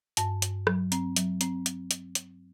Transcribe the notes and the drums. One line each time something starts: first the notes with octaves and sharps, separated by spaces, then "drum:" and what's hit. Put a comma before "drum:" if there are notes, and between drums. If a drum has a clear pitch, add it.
G2 A5, drum: hi-hat
G2, drum: hi-hat
F#3, drum: rim click
C4, drum: hi-hat
F#3, drum: hi-hat
C4, drum: hi-hat
drum: hi-hat
drum: hi-hat
drum: hi-hat